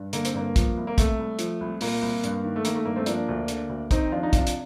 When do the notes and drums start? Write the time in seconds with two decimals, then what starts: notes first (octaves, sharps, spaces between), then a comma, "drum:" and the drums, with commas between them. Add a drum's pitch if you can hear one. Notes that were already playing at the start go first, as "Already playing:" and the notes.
Already playing: G2
0.13 D3 A#3, drum: hi-hat
0.25 C4, drum: hi-hat
0.34 G2 A#3
0.56 F3, drum: kick, hi-hat
0.77 C2
0.87 A#3
0.98 C3 A3, drum: kick, hi-hat
1.19 C2
1.39 F3, drum: hi-hat
1.61 C2
1.81 A#2 A#3, drum: open hi-hat
2.02 C2
2.24 G2, drum: hi-hat
2.44 D#3
2.56 A3
2.65 D#3 A#3, drum: hi-hat
2.75 A3
2.85 G2 A#3
2.96 A3 C4
3.06 F3 A#3 D4, drum: hi-hat
3.28 D2
3.48 D3, drum: hi-hat
3.69 D2
3.91 D#3 C4 D#4, drum: kick, hi-hat
4.12 F2 D4 F4
4.23 D#4
4.33 C3 D4 F4, drum: kick, hi-hat
4.47 drum: hi-hat